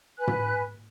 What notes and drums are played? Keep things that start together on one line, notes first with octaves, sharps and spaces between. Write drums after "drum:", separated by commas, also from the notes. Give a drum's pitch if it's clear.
B4 G#5 F#6
drum: tom